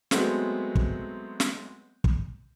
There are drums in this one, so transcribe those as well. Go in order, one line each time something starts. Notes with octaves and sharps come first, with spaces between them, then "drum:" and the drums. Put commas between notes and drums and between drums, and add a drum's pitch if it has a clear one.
F#3 G#3 A3 B3 C4, drum: snare
drum: kick
drum: snare
drum: kick